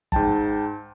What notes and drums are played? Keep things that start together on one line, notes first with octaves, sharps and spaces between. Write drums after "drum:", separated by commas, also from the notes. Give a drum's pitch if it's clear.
G#2 G5 A5, drum: kick